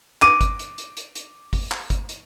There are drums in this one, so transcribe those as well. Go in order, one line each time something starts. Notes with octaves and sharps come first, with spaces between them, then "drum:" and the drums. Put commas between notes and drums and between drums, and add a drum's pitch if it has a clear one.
D6 D#7, drum: clap
drum: kick G1, hi-hat
drum: hi-hat
drum: hi-hat
drum: hi-hat
drum: hi-hat
drum: kick G1, open hi-hat
drum: clap
drum: kick G1, hi-hat
drum: hi-hat